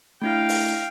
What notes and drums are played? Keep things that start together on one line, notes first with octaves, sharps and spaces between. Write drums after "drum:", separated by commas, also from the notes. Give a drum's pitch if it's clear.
A3 D4 E4 F5 G5
drum: open hi-hat